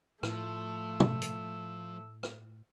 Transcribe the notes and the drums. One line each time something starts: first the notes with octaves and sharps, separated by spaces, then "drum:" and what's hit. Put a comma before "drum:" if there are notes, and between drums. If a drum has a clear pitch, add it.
A2 F3 A3 E6, drum: rim click
drum: tom
drum: hi-hat
drum: rim click